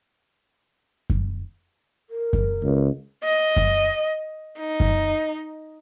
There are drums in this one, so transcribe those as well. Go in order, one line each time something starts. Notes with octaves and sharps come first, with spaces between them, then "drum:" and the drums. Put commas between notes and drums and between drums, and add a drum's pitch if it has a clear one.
drum: kick F#2
A#4
drum: kick F#2
C#2
D#5
drum: kick F#2
D#4
drum: kick F#2